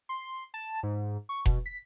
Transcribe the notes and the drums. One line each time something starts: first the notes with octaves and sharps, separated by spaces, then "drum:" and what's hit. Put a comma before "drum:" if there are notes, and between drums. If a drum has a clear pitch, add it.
C6
A5
G#2
C#6
B2, drum: kick F1
B6